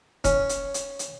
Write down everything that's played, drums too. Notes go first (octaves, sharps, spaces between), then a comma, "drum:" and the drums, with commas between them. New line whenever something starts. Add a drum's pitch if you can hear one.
C#4, drum: kick E1, hi-hat
drum: hi-hat
drum: hi-hat
drum: hi-hat